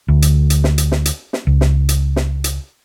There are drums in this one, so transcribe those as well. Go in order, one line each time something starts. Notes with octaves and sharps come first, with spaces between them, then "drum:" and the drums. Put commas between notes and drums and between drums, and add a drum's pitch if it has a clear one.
D2
drum: hi-hat
drum: hi-hat
drum: snare
drum: hi-hat
drum: snare
drum: hi-hat
drum: snare
C#2
drum: snare
drum: hi-hat
drum: snare
drum: hi-hat